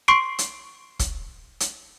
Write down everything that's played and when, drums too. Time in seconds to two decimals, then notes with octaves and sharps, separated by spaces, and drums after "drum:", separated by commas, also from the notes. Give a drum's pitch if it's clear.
0.08 C6 C#6 C7 D7
0.39 drum: hi-hat
0.99 drum: kick, hi-hat
1.60 drum: hi-hat